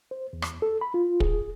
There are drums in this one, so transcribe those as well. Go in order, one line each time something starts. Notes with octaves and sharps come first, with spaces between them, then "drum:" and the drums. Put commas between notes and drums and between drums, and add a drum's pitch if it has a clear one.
C5
E2
drum: rim click
A4
B5
F4
G#4, drum: kick